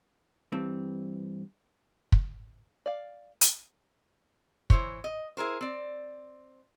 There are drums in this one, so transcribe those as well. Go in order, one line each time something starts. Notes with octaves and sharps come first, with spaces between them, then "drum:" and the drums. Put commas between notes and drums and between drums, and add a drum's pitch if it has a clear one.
G2 E3 C4
drum: kick
D5 F5
drum: hi-hat
E3 E4 C5 C#5, drum: kick
D#5
E4 G#4 A#4 C5
C4 D5